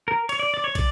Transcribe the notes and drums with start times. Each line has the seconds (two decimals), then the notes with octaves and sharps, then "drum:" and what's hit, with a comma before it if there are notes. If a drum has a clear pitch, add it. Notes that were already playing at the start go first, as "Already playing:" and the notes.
0.08 A#4
0.29 C#5, drum: cymbal
0.39 D5
0.54 D5
0.64 C#5
0.75 D5, drum: kick, cymbal